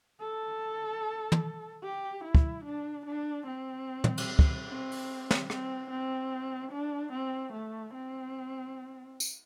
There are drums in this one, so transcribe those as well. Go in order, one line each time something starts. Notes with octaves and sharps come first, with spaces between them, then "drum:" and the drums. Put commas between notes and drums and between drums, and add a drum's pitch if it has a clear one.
A4
drum: tom
G4
E4
drum: kick
D4
D4
C4
drum: tom
drum: cymbal
drum: kick
C4
drum: open hi-hat
drum: snare
C4, drum: rim click
C4
D4
C4
A3
C4
drum: tambourine